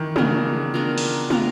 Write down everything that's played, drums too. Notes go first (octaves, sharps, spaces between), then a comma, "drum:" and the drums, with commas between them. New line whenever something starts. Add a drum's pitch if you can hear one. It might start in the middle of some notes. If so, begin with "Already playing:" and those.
Already playing: D#3 E3
C#3 B3 D4 F4 A#4, drum: tom
B3 D4 F4 A#4
drum: open hi-hat
B3 D4 F4 A#4, drum: tom